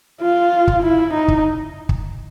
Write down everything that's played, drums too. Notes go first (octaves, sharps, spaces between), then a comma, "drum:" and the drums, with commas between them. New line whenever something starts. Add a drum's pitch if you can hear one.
F4
drum: kick
E4
D#4
drum: kick
drum: kick